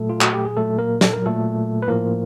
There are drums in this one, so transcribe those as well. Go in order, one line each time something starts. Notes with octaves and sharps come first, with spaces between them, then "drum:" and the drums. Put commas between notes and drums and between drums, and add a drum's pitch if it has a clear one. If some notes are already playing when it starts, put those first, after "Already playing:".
Already playing: A#2 F#3 A3 A4
F4
F#4, drum: clap
G4
G#4
A#2 F#3 A3 A4
A#3 A#4
A4, drum: snare
A#4
A#2 F#3 A3 A4
B4
A2 F3 A#3 A#4